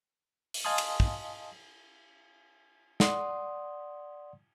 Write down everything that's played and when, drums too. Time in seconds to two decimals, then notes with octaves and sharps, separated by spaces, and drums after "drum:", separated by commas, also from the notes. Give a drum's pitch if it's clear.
0.54 drum: open hi-hat
0.65 D#5 F5 G#5 A5 C6 D#6
0.78 drum: cymbal
1.00 drum: kick
3.00 D5 F#5 C6 D#6, drum: snare